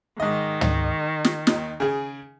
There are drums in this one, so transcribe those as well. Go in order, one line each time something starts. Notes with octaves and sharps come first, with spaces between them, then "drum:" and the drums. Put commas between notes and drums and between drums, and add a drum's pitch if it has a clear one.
G#2 D#3 D#5
drum: tom
drum: snare
D#2 D#4, drum: snare
C#3 G#4